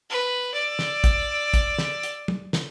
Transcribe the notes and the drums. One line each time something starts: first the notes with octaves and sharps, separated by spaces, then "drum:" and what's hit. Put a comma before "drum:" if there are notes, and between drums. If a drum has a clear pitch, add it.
B4
D5 E6
drum: snare
drum: kick, hi-hat
drum: kick, hi-hat
drum: snare
drum: hi-hat
drum: tom
drum: snare